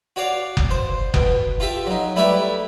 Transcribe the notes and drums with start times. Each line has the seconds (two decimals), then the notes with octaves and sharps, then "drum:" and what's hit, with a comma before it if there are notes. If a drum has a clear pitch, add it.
0.16 F#4 C#5 D5 F5
0.57 drum: kick F#1
0.71 C5
1.14 B2, drum: kick F#1
1.60 F4 G4 A4 E5
1.86 F#3 D#4
2.16 G3 A3 E4 G4 B4 E5